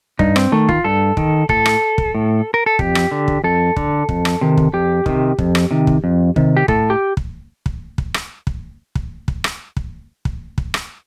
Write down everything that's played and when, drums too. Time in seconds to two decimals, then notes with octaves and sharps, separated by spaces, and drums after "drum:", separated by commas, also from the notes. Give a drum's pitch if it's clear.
0.19 G2 D#4, drum: kick
0.36 C4, drum: rim click
0.52 D#3 A3
0.69 F4, drum: kick
0.84 G2 A4
1.17 D#3, drum: kick
1.49 A2 A4, drum: kick
1.66 drum: rim click
1.98 drum: kick
2.15 A2
2.54 A#4
2.66 A4
2.79 F2 G4, drum: kick
2.95 drum: rim click
3.11 D3
3.28 drum: kick
3.44 F2 A4
3.76 D3, drum: kick
4.09 F2, drum: kick
4.25 drum: rim click
4.41 C3 D#3
4.57 drum: kick
4.73 F2 G4
5.06 C3 D#3, drum: kick
5.39 F2, drum: kick
5.55 drum: rim click
5.71 C3 D#3
5.87 drum: kick
6.04 F2
6.36 C3 D#3, drum: kick
6.57 G4
6.68 A2 A4, drum: kick
6.90 G4
7.17 drum: kick
7.66 drum: kick
7.98 drum: kick
8.14 drum: rim click
8.47 drum: kick
8.95 drum: kick
9.28 drum: kick
9.44 drum: rim click
9.77 drum: kick
10.25 drum: kick
10.58 drum: kick
10.74 drum: rim click